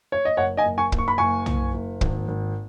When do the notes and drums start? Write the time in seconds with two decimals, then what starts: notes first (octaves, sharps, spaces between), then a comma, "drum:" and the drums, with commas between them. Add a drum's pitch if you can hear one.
0.12 C#5
0.25 D#5
0.37 F#1 C#5 F#5
0.57 D#5 G#5
0.65 F#1
0.78 G#5 C#6
0.92 F#1, drum: kick
0.98 C#6
1.08 B5
1.18 F#1 G#5 C#6
1.46 F#1, drum: tom
1.74 F#1
2.01 G#1, drum: kick
2.28 G#1